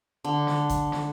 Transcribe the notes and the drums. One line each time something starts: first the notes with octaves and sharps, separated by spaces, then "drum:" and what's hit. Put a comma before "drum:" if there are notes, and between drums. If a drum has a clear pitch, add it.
D3
drum: snare
drum: kick, hi-hat
drum: snare